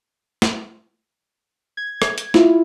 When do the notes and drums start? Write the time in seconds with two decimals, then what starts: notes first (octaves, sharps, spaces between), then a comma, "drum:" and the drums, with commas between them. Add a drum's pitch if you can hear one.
0.42 drum: snare
1.77 G#6
2.02 drum: rim click
2.18 drum: hi-hat
2.34 E4 F4, drum: snare